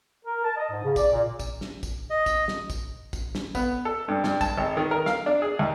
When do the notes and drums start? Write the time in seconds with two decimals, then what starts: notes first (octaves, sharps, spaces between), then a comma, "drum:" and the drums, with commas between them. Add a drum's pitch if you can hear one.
0.25 A#4
0.44 A5
0.56 D#5
0.71 G#2
0.84 C#3
0.96 D5, drum: kick, tambourine
1.12 A#2
1.40 drum: kick, tambourine
1.61 drum: snare
1.83 drum: kick, tambourine
2.10 D#5
2.26 drum: kick, tambourine
2.48 drum: snare
2.70 drum: kick, tambourine
3.13 drum: kick, tambourine
3.35 drum: snare
3.55 B3, drum: kick, tambourine
3.85 A4
4.08 G2
4.24 G2, drum: snare
4.41 A5, drum: kick, tambourine
4.58 G#1
4.77 D#3
4.91 A#4
5.06 F5, drum: snare
5.26 D4
5.42 G#4
5.59 D#2